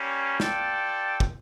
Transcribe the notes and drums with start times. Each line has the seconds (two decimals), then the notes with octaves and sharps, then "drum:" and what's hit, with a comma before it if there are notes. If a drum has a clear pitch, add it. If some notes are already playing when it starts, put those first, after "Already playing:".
Already playing: G3 A#3 C#4
0.40 F4 A4 D5 G5, drum: snare
1.20 drum: kick